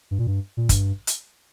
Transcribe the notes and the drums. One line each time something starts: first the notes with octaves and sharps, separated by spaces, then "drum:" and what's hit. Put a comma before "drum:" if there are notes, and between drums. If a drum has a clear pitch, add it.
G2
A#2
G2
A#2
G2, drum: kick, hi-hat
drum: hi-hat